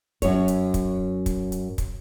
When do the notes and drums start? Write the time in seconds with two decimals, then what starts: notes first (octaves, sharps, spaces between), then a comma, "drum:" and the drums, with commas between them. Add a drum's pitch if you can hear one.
0.22 F#2 C#5, drum: kick, hi-hat
0.48 drum: hi-hat
0.74 drum: kick, hi-hat
1.26 drum: kick, hi-hat
1.52 drum: hi-hat
1.78 drum: kick, hi-hat